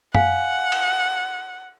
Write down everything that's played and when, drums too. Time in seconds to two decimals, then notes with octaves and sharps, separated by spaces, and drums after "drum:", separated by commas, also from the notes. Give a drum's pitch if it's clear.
0.15 F5 F#5 G#5, drum: tom
0.72 drum: cymbal